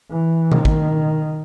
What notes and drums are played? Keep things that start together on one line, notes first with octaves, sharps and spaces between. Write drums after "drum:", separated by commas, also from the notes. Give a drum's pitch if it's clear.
E3
D#3, drum: tom B2
drum: kick